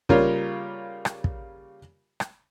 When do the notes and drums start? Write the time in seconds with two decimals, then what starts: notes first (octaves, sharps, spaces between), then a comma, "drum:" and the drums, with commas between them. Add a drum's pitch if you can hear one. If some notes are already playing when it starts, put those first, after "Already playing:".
0.09 C#3 G3 A#3 F4 A#4 C#5, drum: kick
1.05 drum: rim click
1.24 drum: kick
2.20 drum: rim click